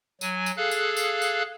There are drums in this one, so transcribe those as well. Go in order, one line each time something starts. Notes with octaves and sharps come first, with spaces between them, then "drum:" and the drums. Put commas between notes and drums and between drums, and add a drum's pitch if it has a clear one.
F#3 G#5, drum: tambourine
drum: tambourine
G#4 A4 F5 F#6
drum: tambourine
drum: tambourine
drum: tambourine